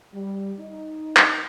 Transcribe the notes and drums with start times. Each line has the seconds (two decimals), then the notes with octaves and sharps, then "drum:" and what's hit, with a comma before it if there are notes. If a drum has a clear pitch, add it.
0.14 G3
0.60 D#4
1.16 drum: clap